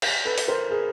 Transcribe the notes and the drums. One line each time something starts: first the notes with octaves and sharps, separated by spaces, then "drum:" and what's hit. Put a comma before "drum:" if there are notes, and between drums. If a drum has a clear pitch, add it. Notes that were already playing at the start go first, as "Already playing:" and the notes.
drum: cymbal
A4 B4
drum: open hi-hat
A#4 C5
G#4 A#4